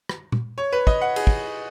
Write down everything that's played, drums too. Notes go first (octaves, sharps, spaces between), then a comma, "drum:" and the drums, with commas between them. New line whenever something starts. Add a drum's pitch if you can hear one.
drum: rim click
drum: tom A#2
C#5
B4
D#5, drum: kick
F#5
G#4, drum: cymbal
drum: kick